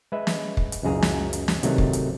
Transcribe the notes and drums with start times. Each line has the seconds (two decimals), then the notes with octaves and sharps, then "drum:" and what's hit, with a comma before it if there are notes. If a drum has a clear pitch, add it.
0.12 G#3 B4 E5
0.27 drum: snare
0.57 drum: kick
0.72 drum: hi-hat
0.83 C#2 F#2 G#4 A#5
1.02 drum: snare
1.33 drum: hi-hat
1.48 drum: snare
1.63 C3 D#3 F#3 A3, drum: hi-hat
1.78 drum: kick
1.93 drum: hi-hat